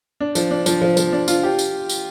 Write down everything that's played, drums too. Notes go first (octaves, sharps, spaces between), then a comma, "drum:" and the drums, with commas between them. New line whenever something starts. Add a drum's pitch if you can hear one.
D4
F3, drum: tambourine
D4
F3, drum: tambourine
F3
F3, drum: tambourine
D4
F4, drum: tambourine
G4
drum: tambourine
drum: tambourine